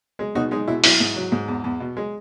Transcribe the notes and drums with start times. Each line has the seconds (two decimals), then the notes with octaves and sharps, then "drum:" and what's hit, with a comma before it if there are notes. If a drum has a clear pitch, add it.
0.19 G#3
0.35 B2 D#4 F#4
0.51 G#3 D#4
0.68 B2 E4
0.84 F#3 E4, drum: open hi-hat
1.00 G#2
1.16 F#3
1.32 G#2
1.48 E2
1.64 E2
1.80 B2
1.97 G#3